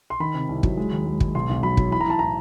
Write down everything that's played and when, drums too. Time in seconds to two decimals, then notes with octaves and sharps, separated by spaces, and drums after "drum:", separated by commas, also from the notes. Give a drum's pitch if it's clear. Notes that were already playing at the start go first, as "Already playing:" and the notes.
0.10 C6
0.20 D#3 B5
0.34 C3
0.49 C2
0.63 F#3, drum: kick
0.77 G#3
0.92 D#2
1.06 G#3
1.20 G#3, drum: kick
1.35 B1 C6
1.49 B1
1.63 F#3 B5
1.77 F#3, drum: kick
1.91 E3 B5
2.01 A#5
2.07 E3 A5
2.19 A2 A#5